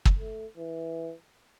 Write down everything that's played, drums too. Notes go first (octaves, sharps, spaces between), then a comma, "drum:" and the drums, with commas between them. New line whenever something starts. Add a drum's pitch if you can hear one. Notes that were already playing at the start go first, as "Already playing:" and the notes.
drum: kick
A3
E3